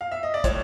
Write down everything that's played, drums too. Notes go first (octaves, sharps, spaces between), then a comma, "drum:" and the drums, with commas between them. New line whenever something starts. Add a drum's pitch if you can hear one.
F5
E5
D#5
D5
A2 C#5, drum: kick, hi-hat